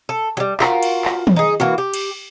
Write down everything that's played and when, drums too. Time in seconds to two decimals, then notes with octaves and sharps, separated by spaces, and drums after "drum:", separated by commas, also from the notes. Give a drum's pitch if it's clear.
0.09 A4
0.37 F#3 G3
0.60 F4 F#4 A#4, drum: clap
0.83 drum: cymbal
1.05 drum: clap
1.27 drum: tom
1.36 D#4 G#4
1.60 E3 A#3 F#4
1.78 G4
1.94 drum: cymbal